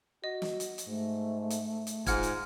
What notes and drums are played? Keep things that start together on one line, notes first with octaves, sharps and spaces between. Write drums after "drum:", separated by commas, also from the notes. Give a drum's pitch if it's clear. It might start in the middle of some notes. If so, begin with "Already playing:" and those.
F#4 D#5
drum: snare
drum: hi-hat
drum: hi-hat
G#2 A3
drum: hi-hat
drum: hi-hat
G#2 F4 F#5 F6 G#6, drum: kick, hi-hat
drum: hi-hat